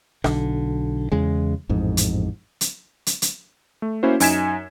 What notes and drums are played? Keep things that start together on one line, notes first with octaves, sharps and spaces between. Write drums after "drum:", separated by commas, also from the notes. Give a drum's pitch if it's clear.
B1 D3, drum: rim click
E2 C#3 G#3
A1 F2 G#2
drum: hi-hat
drum: hi-hat
drum: hi-hat
drum: hi-hat
A3
A#3 C#4 E4 F#4 C5
F#2 D#4 G#5 G#6 B6 E7, drum: open hi-hat